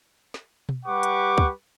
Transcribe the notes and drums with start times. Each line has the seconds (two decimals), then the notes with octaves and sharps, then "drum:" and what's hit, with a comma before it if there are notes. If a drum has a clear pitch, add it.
0.34 drum: snare
0.69 drum: tom B2
0.86 G3 G4 B4 F#5 C#6 D6
1.03 drum: hi-hat
1.38 drum: kick